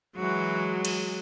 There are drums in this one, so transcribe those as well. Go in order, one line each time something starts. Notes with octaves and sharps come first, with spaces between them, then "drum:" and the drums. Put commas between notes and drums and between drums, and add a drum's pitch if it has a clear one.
E3 F#3 G#3 F#4
drum: cymbal